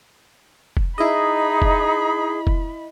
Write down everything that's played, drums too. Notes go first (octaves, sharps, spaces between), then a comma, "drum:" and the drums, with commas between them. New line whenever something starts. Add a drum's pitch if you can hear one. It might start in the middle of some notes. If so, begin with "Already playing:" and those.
drum: kick F1
D#4 E4 G#4 D#5 B5
drum: kick F1
drum: kick F1